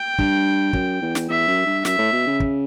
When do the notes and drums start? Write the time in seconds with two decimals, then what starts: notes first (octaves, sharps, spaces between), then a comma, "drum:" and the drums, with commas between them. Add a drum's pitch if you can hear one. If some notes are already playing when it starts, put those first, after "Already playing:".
Already playing: G5
0.18 G2, drum: kick
0.73 F#2, drum: kick
1.02 E2
1.15 drum: snare
1.29 E2 E5
1.48 F#2
1.66 G2
1.85 F#2 E5, drum: snare
1.98 A2
2.12 B2
2.27 C#3
2.40 drum: kick